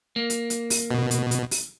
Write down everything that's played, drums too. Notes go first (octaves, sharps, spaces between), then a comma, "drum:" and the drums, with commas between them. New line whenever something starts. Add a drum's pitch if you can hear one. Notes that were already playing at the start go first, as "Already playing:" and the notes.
A#3
drum: hi-hat
drum: hi-hat
drum: open hi-hat
B2
drum: hi-hat
drum: hi-hat
drum: open hi-hat